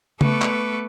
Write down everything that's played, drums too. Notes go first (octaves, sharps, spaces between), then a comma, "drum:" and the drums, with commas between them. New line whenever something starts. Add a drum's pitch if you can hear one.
A3 B3 A4 B4 C#6 D6, drum: tom C#3
drum: clap